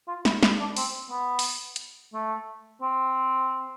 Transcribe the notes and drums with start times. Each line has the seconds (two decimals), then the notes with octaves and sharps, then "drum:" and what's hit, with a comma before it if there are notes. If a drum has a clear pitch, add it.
0.08 F4
0.25 E4, drum: snare
0.43 E4, drum: snare
0.60 D4
0.76 C4, drum: open hi-hat
1.10 B3
1.39 drum: open hi-hat
1.76 drum: hi-hat
2.13 A3
2.82 C4